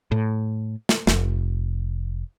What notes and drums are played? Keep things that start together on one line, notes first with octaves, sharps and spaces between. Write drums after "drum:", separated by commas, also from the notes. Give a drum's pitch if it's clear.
A2
drum: snare
F1, drum: snare